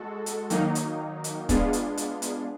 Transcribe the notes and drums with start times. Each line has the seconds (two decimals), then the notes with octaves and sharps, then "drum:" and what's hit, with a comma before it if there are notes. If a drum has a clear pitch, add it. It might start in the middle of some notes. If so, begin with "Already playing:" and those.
Already playing: G#3 F#4 A4
0.26 drum: hi-hat
0.50 D#3 F#3 A#3 D#4, drum: hi-hat
0.75 drum: hi-hat
1.24 drum: hi-hat
1.49 G#3 B3 D4 F4 G#4, drum: kick, hi-hat
1.73 drum: hi-hat
1.97 drum: hi-hat
2.22 drum: hi-hat